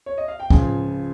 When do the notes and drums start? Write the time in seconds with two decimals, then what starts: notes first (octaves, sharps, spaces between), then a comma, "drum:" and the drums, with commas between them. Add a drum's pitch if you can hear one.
0.06 C#5
0.18 D#5
0.28 F5
0.40 G5
0.50 C#2 C#3 F3 G#5, drum: kick